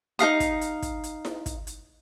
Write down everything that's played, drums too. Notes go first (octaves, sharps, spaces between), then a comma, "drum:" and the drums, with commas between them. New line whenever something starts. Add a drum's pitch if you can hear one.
D#4 A#4 F5 D#6, drum: hi-hat
drum: kick, hi-hat
drum: hi-hat
drum: kick, hi-hat
drum: hi-hat
drum: snare E4
drum: kick, hi-hat
drum: hi-hat